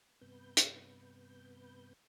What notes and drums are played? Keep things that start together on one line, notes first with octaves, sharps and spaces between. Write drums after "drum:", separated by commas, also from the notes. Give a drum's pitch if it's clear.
G2 C3 B3 B4 G6
drum: hi-hat